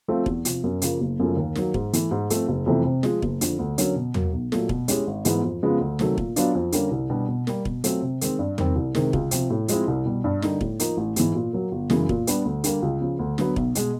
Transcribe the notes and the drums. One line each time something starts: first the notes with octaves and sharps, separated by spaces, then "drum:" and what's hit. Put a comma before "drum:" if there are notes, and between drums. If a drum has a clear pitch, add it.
F3 A3 C4 F4
E2, drum: kick E1
C3 F3, drum: hi-hat
F#2
C#3 F3 A#3, drum: hi-hat
F#1
F#2 C#3 F3 A3
D#2
D#3 F#3 A#3, drum: snare
G#2, drum: kick E1
E3 A3, drum: hi-hat
G#2
F3 A3 C4, drum: hi-hat
F#1
F2 C3 E3 A3
C3
F3 G#3, drum: snare
F#1, drum: kick E1
F2 D3, drum: hi-hat
D2
D3 F#3 A#3 C#4, drum: hi-hat
B2
F#3 A#3, drum: tom
B1
A#2 F#3 A3, drum: snare
B2, drum: kick E1
G#3 C#4 E4 G4, drum: hi-hat
G#1
G#2 E3 G#3 B3, drum: hi-hat
F2
C#3 F3 G#3 B3
D2
C3 D#3 F#3 A3, drum: snare
A#2, drum: kick E1
F#3 B3 D4 F4, drum: hi-hat
F2
D3 G3 A#3 C#4, drum: hi-hat
C2
B2 G3 B3 D4
B2
G3 A#3, drum: snare
B2, drum: kick E1
F#3 A3 C4 F4, drum: hi-hat
C3
D#3 G#3 C4, drum: hi-hat
G2
D#3 G3 C4, drum: tom
C2
C3 D#3 G#3, drum: snare
C#2, drum: kick E1
C3 F3, drum: hi-hat
A2
F3 G#3 C4 E4, drum: hi-hat
C2
B2 G3
G2
D3 G3 A#3 D#4, drum: snare
A2, drum: kick E1
F3 A#3 D#4, drum: hi-hat
A1
G#2 E3, drum: hi-hat
A#2
F#3 A#3
G1
F#2 C#3 E3 G#3, drum: snare
A#2, drum: kick E1
G3 B3 D4, drum: hi-hat
D2
D3 G3 A#3, drum: hi-hat
C#2
C#3 F3
D2
D3 F#3 B3, drum: snare
B1, drum: kick E1
B2 G#3, drum: hi-hat